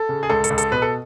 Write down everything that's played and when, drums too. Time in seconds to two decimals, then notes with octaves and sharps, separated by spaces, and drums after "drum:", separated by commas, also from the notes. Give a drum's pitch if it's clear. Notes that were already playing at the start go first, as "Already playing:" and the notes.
Already playing: A4
0.09 C#3
0.23 G#4
0.29 C#2 A4
0.44 A4, drum: hi-hat
0.50 C#2
0.58 A4, drum: hi-hat
0.71 B2 B4
0.82 A4